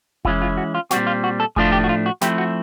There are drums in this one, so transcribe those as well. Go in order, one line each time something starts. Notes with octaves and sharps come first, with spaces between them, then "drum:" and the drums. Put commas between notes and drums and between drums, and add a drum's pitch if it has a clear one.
E3 G#3 C#4 E4 F4, drum: kick F1
F4
F#4
F4
A#2 G3 C4 F#4, drum: snare
F4
F#4
A4
A2 F3 A3 D4 F4 G#4, drum: kick F1
G4
F#4
F4
F#4
F3 A3 C4 E4 G4, drum: snare
F#4